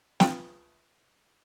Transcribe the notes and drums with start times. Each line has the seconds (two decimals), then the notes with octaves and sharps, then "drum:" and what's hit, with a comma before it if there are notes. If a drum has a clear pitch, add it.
0.20 F4 B4 G5, drum: snare